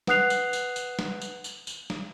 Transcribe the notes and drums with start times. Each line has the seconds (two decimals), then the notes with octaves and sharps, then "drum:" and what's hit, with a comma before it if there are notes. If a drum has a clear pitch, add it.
0.07 B4 F#5 D#6 F#6 C7 F7, drum: snare
0.30 drum: tambourine
0.53 drum: tambourine
0.76 drum: tambourine
0.99 drum: snare
1.21 drum: tambourine
1.44 drum: tambourine
1.67 drum: tambourine
1.90 drum: snare